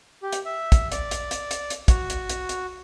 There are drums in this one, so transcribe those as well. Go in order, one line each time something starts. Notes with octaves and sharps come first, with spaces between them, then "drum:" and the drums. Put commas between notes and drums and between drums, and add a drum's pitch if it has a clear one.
G4
drum: hi-hat
E5
drum: kick, hi-hat
D5, drum: hi-hat
drum: hi-hat
drum: hi-hat
drum: hi-hat
drum: hi-hat
F#4, drum: kick, hi-hat
drum: hi-hat
drum: hi-hat
drum: hi-hat